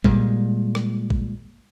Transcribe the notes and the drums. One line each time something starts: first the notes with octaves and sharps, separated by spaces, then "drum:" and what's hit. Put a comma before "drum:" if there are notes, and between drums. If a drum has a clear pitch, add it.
A#2 G3 G#3, drum: kick A1
drum: rim click
drum: kick A1